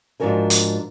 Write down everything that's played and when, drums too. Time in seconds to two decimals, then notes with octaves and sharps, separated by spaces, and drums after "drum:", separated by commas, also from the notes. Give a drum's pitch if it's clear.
0.20 G#2 F3 D4 F#4 A#4 G#5
0.50 drum: hi-hat